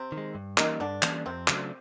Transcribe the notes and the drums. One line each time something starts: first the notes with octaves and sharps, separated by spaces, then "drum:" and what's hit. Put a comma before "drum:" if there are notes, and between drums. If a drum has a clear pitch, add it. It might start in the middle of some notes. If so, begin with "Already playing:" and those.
Already playing: C3 C4
D#3
G#3
G2
D#3 E3 G3 A#3 C#4 D#4, drum: clap
G2 D3 D4
E3 G3 A#3 C#4, drum: clap
F2 C3 C4
C#3 F#3 A3 D4, drum: clap